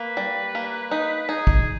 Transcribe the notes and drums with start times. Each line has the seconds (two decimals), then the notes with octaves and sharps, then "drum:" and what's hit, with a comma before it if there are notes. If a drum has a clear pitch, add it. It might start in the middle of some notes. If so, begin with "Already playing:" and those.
Already playing: A#3 B4
0.17 G3
0.55 A#3
0.91 D#4
1.29 D#4 G#4
1.47 drum: kick